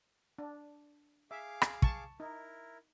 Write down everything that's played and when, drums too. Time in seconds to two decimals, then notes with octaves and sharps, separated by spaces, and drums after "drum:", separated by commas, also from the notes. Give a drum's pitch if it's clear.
0.38 D4
1.31 G#4 E5 F5 D6
1.62 drum: rim click
1.82 A5 C#6, drum: kick
2.20 D#4 E4 A#4